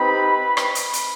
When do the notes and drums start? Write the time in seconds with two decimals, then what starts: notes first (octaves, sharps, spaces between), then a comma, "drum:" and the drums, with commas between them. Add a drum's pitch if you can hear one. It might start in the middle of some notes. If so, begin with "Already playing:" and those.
Already playing: C4 D#4 G4 B4 B5
0.57 drum: rim click
0.75 drum: hi-hat
0.93 drum: hi-hat